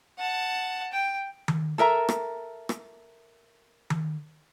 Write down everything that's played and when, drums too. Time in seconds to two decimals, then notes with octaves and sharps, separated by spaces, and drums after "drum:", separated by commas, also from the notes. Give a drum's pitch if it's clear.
0.18 F#5 A5
0.92 G5
1.48 drum: tom D#3
1.78 A4 A#4 E5 A#5
2.09 drum: rim click
2.69 drum: rim click
3.90 drum: tom D#3